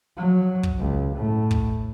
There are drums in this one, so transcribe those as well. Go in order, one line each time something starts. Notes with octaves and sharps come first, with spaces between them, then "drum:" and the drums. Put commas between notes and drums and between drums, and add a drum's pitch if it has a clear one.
F#3
drum: kick
C#2
A2
drum: kick